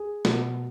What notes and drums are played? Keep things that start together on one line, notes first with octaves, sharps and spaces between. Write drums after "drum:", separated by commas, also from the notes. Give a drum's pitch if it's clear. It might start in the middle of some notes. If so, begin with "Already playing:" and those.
Already playing: G#4
B2, drum: snare